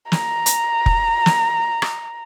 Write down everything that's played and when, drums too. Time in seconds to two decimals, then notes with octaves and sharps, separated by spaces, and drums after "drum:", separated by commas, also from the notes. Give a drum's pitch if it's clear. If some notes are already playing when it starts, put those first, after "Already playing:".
0.12 A#5, drum: snare
0.46 drum: hi-hat
0.86 drum: kick F1
1.26 drum: snare
1.82 drum: rim click